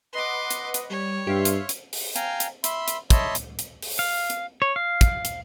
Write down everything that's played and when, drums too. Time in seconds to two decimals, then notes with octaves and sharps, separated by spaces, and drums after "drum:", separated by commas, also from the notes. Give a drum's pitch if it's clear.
0.13 B4 D#5 F#5 C6 D6
0.51 drum: hi-hat
0.74 drum: hi-hat
0.90 G3 C#5
1.27 G2 G4 E5 F5 C6
1.45 drum: hi-hat
1.69 drum: hi-hat
1.93 drum: open hi-hat
2.16 F5 G5 G#5 A#5, drum: hi-hat
2.40 drum: hi-hat
2.64 E5 B5 C6, drum: hi-hat
2.88 drum: hi-hat
3.10 C#5 D#5 E5 A5 B5 C6, drum: kick, hi-hat
3.35 drum: hi-hat
3.59 drum: hi-hat
3.82 drum: open hi-hat
3.99 F5
4.30 drum: hi-hat
4.62 C#5
4.76 F5
5.01 drum: kick, hi-hat
5.25 drum: hi-hat